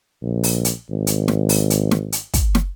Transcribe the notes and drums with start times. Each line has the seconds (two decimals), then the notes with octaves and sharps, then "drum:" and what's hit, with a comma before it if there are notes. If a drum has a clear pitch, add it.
0.22 A#1
0.43 drum: open hi-hat
0.65 drum: hi-hat
0.90 G#1
1.07 drum: hi-hat
1.28 drum: snare
1.49 drum: open hi-hat
1.70 drum: hi-hat
1.91 drum: snare
2.12 drum: hi-hat
2.34 drum: kick, hi-hat
2.55 drum: snare